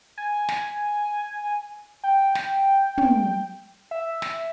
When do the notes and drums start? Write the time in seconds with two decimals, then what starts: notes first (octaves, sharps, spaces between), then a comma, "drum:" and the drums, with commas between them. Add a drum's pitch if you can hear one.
0.18 G#5
0.48 drum: snare
2.04 G5
2.35 drum: snare
2.98 drum: tom
3.91 E5
4.22 drum: snare